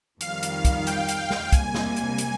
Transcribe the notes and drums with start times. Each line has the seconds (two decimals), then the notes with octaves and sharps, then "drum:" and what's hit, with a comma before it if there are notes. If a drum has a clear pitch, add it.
0.21 F2 D#3 G3 F5, drum: hi-hat
0.43 drum: hi-hat
0.65 drum: kick, hi-hat
0.87 G5, drum: hi-hat
1.09 drum: hi-hat
1.31 drum: snare
1.52 C3 G3 A#3 G#5, drum: kick, hi-hat
1.74 drum: snare
1.96 drum: hi-hat
2.18 drum: hi-hat